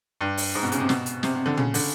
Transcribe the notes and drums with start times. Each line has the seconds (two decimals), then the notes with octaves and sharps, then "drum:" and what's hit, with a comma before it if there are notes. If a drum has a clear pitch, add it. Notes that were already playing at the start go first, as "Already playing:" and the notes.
0.21 G2
0.37 drum: open hi-hat
0.55 G#2
0.63 B2
0.72 C#3, drum: hi-hat
0.80 C3
0.89 B2, drum: snare
1.06 drum: hi-hat
1.23 C3, drum: snare
1.35 C3
1.46 D3
1.57 C#3, drum: tom
1.74 D3, drum: open hi-hat